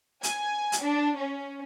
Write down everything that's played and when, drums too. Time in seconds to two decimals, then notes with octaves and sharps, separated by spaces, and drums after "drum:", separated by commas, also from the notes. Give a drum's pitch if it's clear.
0.23 G#5, drum: hi-hat
0.72 drum: hi-hat
0.82 D4
1.17 C#4